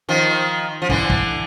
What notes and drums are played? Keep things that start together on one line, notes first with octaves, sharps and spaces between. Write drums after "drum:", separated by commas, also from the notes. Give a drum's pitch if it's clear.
D#3 F3
F3
D3 E3, drum: kick
drum: kick